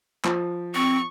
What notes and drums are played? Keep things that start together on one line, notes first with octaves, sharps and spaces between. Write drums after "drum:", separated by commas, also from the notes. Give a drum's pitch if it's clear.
F3, drum: clap
C4 C#6